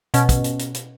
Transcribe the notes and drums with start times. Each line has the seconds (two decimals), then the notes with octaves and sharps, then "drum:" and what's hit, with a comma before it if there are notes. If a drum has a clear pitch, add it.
0.14 B2 C#4, drum: hi-hat
0.29 drum: kick, hi-hat
0.44 drum: hi-hat
0.59 drum: hi-hat
0.74 drum: hi-hat